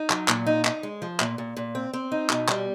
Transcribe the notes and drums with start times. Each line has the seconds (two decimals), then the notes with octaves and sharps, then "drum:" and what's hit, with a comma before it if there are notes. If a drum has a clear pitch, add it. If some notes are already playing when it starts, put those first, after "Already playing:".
Already playing: D#4
0.10 F#3, drum: clap
0.28 A#2, drum: clap
0.46 D#4
0.65 D#4, drum: clap
0.83 G#3
1.02 F3
1.20 A#2, drum: clap
1.38 A#2
1.57 A#2
1.75 C4
1.93 C4
2.12 D#4
2.30 B2, drum: clap
2.48 G3, drum: clap